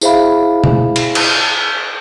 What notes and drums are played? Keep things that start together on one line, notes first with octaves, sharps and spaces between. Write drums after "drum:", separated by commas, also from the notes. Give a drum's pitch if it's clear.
E4 G#4 C5 E5 F5 B5, drum: tambourine
drum: tom B2
drum: cymbal
drum: cymbal